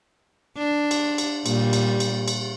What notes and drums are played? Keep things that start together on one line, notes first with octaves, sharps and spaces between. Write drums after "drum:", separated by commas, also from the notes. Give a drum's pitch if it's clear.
D4
drum: cymbal
drum: cymbal
A#2 G3, drum: cymbal
drum: cymbal
drum: cymbal
drum: cymbal